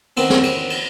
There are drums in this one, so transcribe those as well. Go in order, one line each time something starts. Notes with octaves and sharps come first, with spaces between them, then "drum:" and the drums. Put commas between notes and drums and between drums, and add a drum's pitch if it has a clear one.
D#3 E3 B3 C4, drum: cymbal
drum: snare
drum: cymbal
drum: cymbal